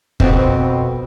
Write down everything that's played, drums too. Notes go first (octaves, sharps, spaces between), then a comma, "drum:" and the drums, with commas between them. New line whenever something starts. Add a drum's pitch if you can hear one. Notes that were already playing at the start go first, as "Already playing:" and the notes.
F2 B2 B3 C4, drum: kick